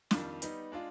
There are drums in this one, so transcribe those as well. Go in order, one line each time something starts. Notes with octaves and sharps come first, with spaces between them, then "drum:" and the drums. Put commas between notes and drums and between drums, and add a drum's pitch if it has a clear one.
F2 D#3 G3 D4 F4, drum: snare
G3 B3 D#4, drum: hi-hat
G#3 D4 F4